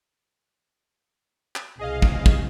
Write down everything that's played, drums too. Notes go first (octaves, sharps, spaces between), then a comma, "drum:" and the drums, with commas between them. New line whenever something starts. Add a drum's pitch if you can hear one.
drum: clap
C2 B2 G#4 D#5 F5
drum: kick
drum: kick